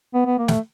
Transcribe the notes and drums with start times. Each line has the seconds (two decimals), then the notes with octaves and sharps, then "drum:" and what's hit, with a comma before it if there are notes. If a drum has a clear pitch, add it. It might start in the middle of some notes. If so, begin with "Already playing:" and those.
0.14 B3
0.26 B3
0.38 A#3
0.48 A3, drum: snare